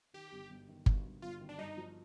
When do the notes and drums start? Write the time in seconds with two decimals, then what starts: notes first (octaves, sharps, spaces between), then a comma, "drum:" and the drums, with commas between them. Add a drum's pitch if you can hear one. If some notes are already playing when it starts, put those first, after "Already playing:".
0.14 D#3 G4
0.33 G1
0.50 G1
0.69 D#3
0.86 G1, drum: kick G1
1.05 G1
1.22 G1 F4
1.40 D#3
1.49 D4
1.58 G2 D#4
1.77 F3